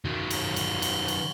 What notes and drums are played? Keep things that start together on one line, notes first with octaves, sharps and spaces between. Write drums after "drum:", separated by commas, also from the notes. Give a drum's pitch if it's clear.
D#3 F#3
drum: cymbal
drum: cymbal
drum: cymbal
drum: cymbal